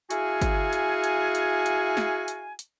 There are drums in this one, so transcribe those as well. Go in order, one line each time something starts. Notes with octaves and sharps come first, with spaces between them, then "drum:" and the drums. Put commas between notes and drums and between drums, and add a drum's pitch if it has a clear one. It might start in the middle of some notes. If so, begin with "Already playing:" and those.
E4 F#4 G#4 F5 G#5, drum: hi-hat
drum: kick G1, hi-hat
drum: hi-hat
drum: hi-hat
drum: hi-hat
drum: hi-hat
drum: snare
drum: hi-hat
drum: hi-hat